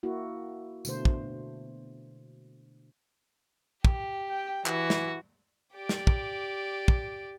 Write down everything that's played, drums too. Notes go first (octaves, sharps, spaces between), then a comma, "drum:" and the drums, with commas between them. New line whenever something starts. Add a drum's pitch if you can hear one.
A#3 E4 F#4
B2 D3 A3 C5, drum: tambourine
drum: kick
G4, drum: kick
G5
E3 F#4, drum: clap
drum: snare
G4 D5
drum: snare
drum: kick
drum: kick